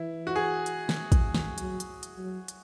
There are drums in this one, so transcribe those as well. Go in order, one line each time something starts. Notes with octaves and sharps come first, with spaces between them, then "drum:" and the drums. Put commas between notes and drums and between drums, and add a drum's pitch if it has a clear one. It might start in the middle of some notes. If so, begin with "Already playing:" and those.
Already playing: E3 E4
F#4
G#4
drum: hi-hat
drum: snare
drum: kick, hi-hat
drum: snare
F#3, drum: hi-hat
drum: hi-hat
drum: hi-hat
F#3
drum: hi-hat